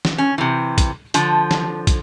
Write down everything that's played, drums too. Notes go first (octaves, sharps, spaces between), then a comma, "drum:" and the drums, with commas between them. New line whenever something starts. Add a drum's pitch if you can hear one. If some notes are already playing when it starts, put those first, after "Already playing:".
drum: snare
C#4
C3 E3
drum: kick, hi-hat
D3 F3, drum: hi-hat
drum: snare
drum: kick, hi-hat